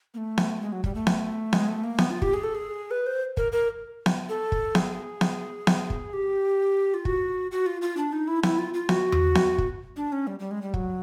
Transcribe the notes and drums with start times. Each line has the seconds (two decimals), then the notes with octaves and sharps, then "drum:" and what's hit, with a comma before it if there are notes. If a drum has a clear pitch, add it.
0.14 A#3
0.17 A3
0.38 drum: snare B3
0.61 G#3
0.72 F#3
0.84 G3, drum: kick
0.95 A3
1.07 drum: snare B3
1.53 G#3, drum: snare B3
1.68 A3
1.83 A#3
1.98 B3, drum: snare B3
2.10 F4
2.22 G4, drum: kick
2.34 G#4
2.43 A4
2.55 G#4
2.91 B4
3.06 C5
3.37 A#4, drum: kick
3.52 A#4
4.06 drum: snare B3
4.29 A4
4.52 drum: kick
4.75 G#4, drum: snare B3
5.21 drum: snare B3
5.67 drum: snare B3
5.90 drum: kick
6.13 G4
6.94 F4
7.05 F#4, drum: kick
7.51 F#4
7.66 F4
7.82 F4
7.97 D4
8.12 D#4
8.28 E4
8.43 E4, drum: snare B3
8.58 F4
8.74 F4
8.89 F#4, drum: snare B3
9.12 drum: tom E2
9.35 drum: snare B3
9.58 drum: kick
9.96 D4
10.12 C#4
10.27 G3
10.39 G3
10.51 G#3
10.62 G3
10.74 F#3, drum: kick